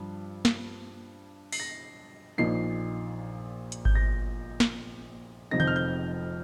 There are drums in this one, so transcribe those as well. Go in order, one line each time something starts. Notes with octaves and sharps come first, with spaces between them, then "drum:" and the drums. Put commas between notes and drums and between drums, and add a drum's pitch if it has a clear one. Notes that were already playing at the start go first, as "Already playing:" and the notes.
Already playing: G2 F3
drum: snare
C7, drum: open hi-hat
A#6
A#1 A#2 A#3 D#4 C7
drum: hi-hat
G6, drum: kick G#1
A#6
drum: snare
F1 F2 F3 C4 D#4 A#6
G6, drum: tom D3
F6
G6